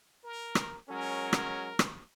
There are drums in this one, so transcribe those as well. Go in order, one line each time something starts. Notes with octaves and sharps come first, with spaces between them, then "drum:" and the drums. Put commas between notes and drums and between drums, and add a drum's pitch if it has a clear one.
A#4
drum: rim click
F#3 G#3 C#4 A#4
drum: rim click
drum: rim click